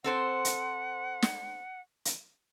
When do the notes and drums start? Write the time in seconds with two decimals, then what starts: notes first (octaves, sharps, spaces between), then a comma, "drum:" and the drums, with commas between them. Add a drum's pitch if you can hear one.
0.04 C4 A4 C5 F#5
0.45 drum: hi-hat
1.22 drum: snare
2.05 drum: hi-hat